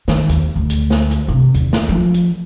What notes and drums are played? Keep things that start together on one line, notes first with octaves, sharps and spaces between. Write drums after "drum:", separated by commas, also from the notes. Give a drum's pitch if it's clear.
D#3, drum: snare
D#2, drum: hi-hat
D2
drum: hi-hat
drum: snare
drum: hi-hat
C3
D#2, drum: hi-hat
drum: snare
F3
drum: hi-hat